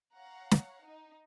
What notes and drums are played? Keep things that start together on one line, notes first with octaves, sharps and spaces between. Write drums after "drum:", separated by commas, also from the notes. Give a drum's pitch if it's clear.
C#5 F5 F#5 A#5
drum: snare
D#4